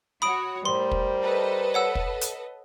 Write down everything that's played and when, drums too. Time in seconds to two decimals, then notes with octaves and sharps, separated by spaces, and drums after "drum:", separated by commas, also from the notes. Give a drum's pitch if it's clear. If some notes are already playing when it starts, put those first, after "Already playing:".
0.22 F#4 C#5 F#5 B5 D#6 D7
0.65 A2 G3 A#4 C5 C6
0.91 drum: kick
1.21 A4 B4 D#5
1.74 C#5 F#5 E6
1.95 drum: kick
2.21 drum: hi-hat